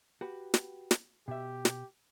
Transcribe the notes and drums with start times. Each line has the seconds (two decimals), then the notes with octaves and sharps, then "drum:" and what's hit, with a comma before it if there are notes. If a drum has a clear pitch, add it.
0.21 F#4 G4 B4
0.54 drum: snare
0.91 drum: snare
1.28 B2 G4 E5
1.65 drum: snare